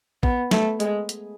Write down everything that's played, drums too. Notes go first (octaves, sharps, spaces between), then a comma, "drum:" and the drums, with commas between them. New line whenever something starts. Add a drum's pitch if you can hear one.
B3, drum: kick
A3, drum: snare
G#3, drum: hi-hat
drum: hi-hat